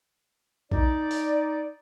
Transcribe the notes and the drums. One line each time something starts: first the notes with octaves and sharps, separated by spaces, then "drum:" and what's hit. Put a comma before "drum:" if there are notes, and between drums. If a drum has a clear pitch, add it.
D#4 D5, drum: kick A#1
drum: open hi-hat